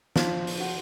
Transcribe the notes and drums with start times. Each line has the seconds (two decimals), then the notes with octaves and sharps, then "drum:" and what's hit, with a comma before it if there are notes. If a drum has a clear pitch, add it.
0.16 F3 F4 C5, drum: snare
0.47 drum: open hi-hat
0.60 F#4